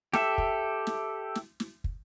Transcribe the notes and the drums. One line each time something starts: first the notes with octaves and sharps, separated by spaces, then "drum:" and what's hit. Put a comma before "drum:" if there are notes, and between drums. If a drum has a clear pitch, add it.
G4 A4 E5, drum: snare
drum: kick
drum: snare
drum: snare
drum: snare
drum: kick